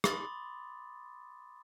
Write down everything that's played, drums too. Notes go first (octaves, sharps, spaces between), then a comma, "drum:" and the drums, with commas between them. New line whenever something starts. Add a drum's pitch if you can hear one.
B5 C6 D6 D#6 A6, drum: rim click